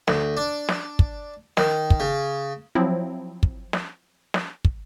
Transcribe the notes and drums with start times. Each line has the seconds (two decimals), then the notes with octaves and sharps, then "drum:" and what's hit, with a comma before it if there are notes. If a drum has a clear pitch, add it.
0.08 D2, drum: snare
0.37 D4
0.69 drum: snare
0.99 drum: kick
1.57 D#3, drum: snare
1.90 drum: kick
2.00 C#3
2.75 F3 F#3 C4 E4
3.43 drum: kick
3.73 drum: snare
4.34 drum: snare
4.65 drum: kick